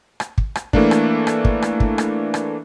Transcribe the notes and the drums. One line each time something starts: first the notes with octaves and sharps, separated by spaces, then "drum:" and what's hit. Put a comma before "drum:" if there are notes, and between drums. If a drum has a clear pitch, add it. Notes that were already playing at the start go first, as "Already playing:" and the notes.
drum: rim click
drum: kick
drum: rim click
E3 A3 A#3 D4, drum: kick
drum: rim click
drum: rim click
drum: kick
drum: rim click
drum: kick
drum: rim click
drum: rim click